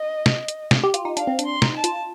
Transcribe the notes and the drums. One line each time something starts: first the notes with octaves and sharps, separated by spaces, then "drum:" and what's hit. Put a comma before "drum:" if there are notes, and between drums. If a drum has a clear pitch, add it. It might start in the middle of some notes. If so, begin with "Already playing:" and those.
Already playing: D#5
drum: snare
drum: hi-hat
drum: snare
G4
F4, drum: hi-hat
D#4
D4 F5, drum: hi-hat
C4
D4, drum: hi-hat
C6
D#4, drum: snare
A5
F4, drum: hi-hat